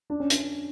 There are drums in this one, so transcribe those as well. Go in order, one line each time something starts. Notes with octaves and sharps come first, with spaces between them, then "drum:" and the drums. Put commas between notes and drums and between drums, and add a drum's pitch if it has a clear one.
D4
C#4
D4, drum: hi-hat